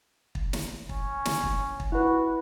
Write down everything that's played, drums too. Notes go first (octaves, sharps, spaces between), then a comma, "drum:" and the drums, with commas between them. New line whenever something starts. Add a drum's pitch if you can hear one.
drum: kick
drum: snare
C#4, drum: kick
drum: snare
drum: kick
drum: kick
E4 F#4 B4